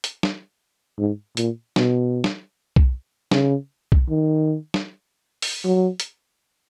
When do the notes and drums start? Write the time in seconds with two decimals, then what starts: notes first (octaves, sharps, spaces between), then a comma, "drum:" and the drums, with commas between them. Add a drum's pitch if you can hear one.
0.04 drum: hi-hat
0.23 drum: snare
0.98 G#2
1.37 A#2, drum: hi-hat
1.76 B2, drum: snare
2.24 drum: snare
2.76 drum: kick B1
3.31 C#3, drum: snare
3.92 drum: kick B1
4.09 D#3
4.74 drum: snare
5.42 drum: open hi-hat
5.65 F#3
6.00 drum: hi-hat